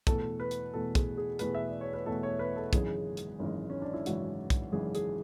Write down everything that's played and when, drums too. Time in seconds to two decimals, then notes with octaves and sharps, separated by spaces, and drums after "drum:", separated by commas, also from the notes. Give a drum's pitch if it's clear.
0.07 E2 B2 A3 A4, drum: kick, hi-hat
0.40 B4
0.51 drum: hi-hat
0.73 E2 B2 A3 A4
0.95 G#4, drum: kick, hi-hat
1.17 G#4
1.39 E2 B2 A3 B4, drum: hi-hat
1.55 E5
1.67 D5
1.81 C#5
1.93 B4
2.06 E2 B2 A3 A4
2.23 C#5
2.39 B4
2.56 A4
2.73 G#1 F#2 C#3 E3 G#3 G#4, drum: kick, hi-hat
3.17 drum: hi-hat
3.39 G#1 F#2 C#3 E3 G#3
3.70 C#4
3.82 D4
3.94 E4
4.06 G#1 F#2 C#3 E3 G#3 F#4, drum: hi-hat
4.50 drum: kick, hi-hat
4.72 G#1 F#2 C#3 E3 G#3 G#4
4.95 G#4, drum: hi-hat